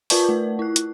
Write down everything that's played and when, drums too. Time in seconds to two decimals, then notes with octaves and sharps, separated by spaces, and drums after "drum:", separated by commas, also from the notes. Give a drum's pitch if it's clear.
0.10 F4 A#4 B4 D5 A5 C#6, drum: open hi-hat
0.29 A3
0.59 E4 F#6
0.76 drum: hi-hat